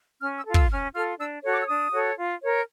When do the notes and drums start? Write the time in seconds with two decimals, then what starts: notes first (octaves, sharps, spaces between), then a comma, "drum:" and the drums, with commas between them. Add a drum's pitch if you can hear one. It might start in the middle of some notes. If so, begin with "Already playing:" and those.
0.22 C#4 F6
0.38 E6
0.46 F4 A4
0.54 E6, drum: kick
0.70 C#4 F6
0.94 F4 A4 F6
1.19 D4 E6
1.43 F#4 A4 C#5
1.52 D6
1.61 E6
1.68 D4 D#6
1.92 F#4 A4 C#5
2.17 F4
2.41 A#4 C#5